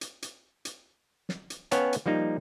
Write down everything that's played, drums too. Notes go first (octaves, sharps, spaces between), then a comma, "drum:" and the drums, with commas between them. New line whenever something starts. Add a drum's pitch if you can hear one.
drum: hi-hat
drum: hi-hat
drum: hi-hat
drum: snare
drum: hi-hat
B3 C#4 C#5 F5 G5 A5, drum: hi-hat
drum: hi-hat
F3 G3 A#3 D#4